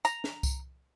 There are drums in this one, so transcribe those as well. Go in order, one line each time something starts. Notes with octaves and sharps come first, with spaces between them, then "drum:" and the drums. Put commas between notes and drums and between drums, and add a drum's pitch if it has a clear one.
A#5, drum: tambourine
drum: snare
drum: kick C2, tambourine